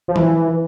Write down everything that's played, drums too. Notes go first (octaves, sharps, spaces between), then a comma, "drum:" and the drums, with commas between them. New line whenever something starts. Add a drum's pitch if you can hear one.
F3
E3, drum: tom E3